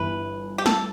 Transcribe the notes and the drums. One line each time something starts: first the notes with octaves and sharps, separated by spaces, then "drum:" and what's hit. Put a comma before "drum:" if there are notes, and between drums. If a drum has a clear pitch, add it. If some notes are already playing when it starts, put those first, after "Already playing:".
Already playing: G1 G2 E3 B4
G4
A4, drum: snare